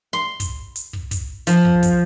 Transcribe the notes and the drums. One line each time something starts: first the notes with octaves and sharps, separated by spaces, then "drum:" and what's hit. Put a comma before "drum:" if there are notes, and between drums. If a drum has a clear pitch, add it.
C6
drum: kick, hi-hat
drum: hi-hat
drum: kick
drum: kick, hi-hat
F3, drum: hi-hat
drum: kick
drum: kick, hi-hat